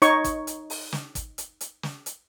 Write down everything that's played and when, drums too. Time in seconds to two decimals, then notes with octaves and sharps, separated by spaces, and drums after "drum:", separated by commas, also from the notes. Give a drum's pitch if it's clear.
0.02 D#4 C#5 C#6, drum: hi-hat
0.24 drum: kick, hi-hat
0.47 drum: hi-hat
0.70 drum: open hi-hat
0.92 drum: snare
1.15 drum: kick, hi-hat
1.38 drum: hi-hat
1.61 drum: hi-hat
1.83 drum: snare
2.06 drum: hi-hat